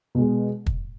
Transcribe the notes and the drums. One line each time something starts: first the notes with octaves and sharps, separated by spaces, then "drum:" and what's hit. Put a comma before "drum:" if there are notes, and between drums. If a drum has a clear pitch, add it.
B2 G#3
drum: kick